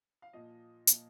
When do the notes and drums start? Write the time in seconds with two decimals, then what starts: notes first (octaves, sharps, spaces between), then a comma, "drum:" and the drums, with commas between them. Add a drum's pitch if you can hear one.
0.22 F5
0.33 A#2 F3 D#5
0.87 A#2 F3, drum: hi-hat